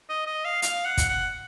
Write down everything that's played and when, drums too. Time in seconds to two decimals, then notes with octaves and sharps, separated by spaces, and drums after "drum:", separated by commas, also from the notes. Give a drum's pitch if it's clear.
0.10 D#5
0.26 D#5
0.45 F5
0.62 F5, drum: hi-hat
0.85 F#5
0.97 drum: kick, hi-hat
1.09 F#5